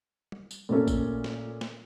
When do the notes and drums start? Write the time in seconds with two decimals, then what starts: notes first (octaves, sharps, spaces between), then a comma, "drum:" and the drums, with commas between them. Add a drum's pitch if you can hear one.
0.32 drum: tom
0.51 drum: tambourine
0.69 A#2 A3 A#3 C#4 A4
0.88 drum: kick A1, tambourine
1.24 drum: snare
1.61 drum: snare